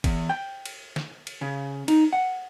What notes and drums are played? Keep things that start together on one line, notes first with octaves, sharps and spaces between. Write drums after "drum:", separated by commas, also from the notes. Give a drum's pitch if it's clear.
E2, drum: kick G1, cymbal
G5
drum: cymbal
drum: snare
drum: cymbal
C#3
D#4, drum: cymbal
F#5